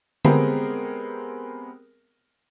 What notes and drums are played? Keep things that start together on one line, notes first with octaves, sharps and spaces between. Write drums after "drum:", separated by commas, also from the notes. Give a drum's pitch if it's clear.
G#3 B3 C4 G4 G#4 A#4, drum: tom D3